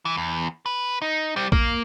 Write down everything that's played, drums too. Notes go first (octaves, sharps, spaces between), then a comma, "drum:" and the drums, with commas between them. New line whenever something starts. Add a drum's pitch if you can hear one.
E3
E2
B4
D#4
G3 C4
A#3, drum: kick A#1